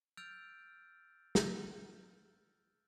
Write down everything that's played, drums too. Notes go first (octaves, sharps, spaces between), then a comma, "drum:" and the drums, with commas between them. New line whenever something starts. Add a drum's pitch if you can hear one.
E6 F6 G6 A6 D7 F7
drum: snare